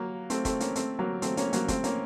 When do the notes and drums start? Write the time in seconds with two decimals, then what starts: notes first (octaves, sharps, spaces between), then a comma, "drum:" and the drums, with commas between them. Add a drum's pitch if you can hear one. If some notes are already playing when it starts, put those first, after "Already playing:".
Already playing: F#3 A#3
0.30 A3 C4, drum: hi-hat
0.45 A3 C4, drum: kick, hi-hat
0.60 A#3 C#4, drum: hi-hat
0.75 A3 C4, drum: hi-hat
0.99 F#3 A#3
1.22 A3 C4, drum: hi-hat
1.37 A#3 C#4, drum: hi-hat
1.53 F#3 A#3, drum: hi-hat
1.68 A3 C4, drum: kick, hi-hat
1.84 A#3 C#4, drum: hi-hat